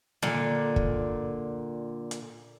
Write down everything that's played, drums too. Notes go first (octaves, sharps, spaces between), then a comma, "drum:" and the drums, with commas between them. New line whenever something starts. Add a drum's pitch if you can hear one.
A#2 D3, drum: snare
drum: kick
drum: hi-hat